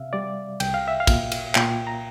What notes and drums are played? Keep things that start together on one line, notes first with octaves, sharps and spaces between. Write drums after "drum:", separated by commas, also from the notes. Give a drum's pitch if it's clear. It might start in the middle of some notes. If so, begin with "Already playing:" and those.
Already playing: C3 E5 F5
G3 D5
C2 G5, drum: cymbal
F5
E5
F5
A#2, drum: kick, cymbal
drum: cymbal
A#2 G5, drum: clap
A#5